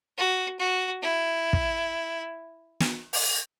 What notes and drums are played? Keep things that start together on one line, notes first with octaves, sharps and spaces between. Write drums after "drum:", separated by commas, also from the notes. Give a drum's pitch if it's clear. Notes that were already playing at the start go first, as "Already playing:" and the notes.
F#4
F#4
E4
drum: kick
drum: snare
drum: open hi-hat